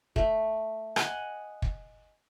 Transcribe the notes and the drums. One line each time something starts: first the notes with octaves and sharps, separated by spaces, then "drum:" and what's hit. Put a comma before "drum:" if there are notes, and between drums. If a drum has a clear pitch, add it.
A3, drum: kick
D#5 F#5 G#5, drum: rim click
drum: kick